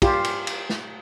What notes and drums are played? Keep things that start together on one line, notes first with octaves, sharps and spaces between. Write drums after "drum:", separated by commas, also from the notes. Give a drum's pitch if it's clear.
F4 G4, drum: kick, cymbal
drum: cymbal
drum: cymbal
drum: snare